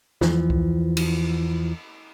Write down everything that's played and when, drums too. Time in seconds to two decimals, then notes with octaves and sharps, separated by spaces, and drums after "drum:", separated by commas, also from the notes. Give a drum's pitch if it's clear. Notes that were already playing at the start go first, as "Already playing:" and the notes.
0.21 E2 E3 F3, drum: snare
0.50 drum: kick C2
0.97 drum: cymbal